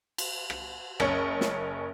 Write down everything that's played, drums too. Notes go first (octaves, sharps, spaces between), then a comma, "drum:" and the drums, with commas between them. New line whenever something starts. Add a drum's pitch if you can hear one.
drum: cymbal
drum: rim click
F#1 C#4, drum: rim click
drum: snare